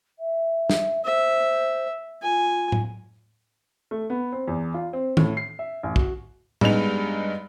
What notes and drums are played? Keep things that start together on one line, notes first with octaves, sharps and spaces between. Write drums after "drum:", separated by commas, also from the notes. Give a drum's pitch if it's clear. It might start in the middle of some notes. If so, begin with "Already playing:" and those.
E5
drum: snare
C5 E5
F4 G#5
drum: tom A2
A3
B3
C4
E2
F4
C4
A2, drum: tom D#3
C7
E5
A1
F#4, drum: kick
G2 G#3 B3 D#4 B4 F7, drum: tom A2